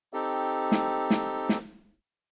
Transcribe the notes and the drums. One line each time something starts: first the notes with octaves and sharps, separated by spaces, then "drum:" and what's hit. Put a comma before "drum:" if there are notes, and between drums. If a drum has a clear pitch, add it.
C4 D#4 G4 A4
drum: snare
drum: snare
drum: snare